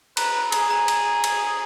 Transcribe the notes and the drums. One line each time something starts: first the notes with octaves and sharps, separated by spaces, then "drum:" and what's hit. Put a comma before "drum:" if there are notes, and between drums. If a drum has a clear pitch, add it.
B4 A#5, drum: cymbal
G#4 A#5, drum: cymbal
A#5
drum: cymbal
drum: cymbal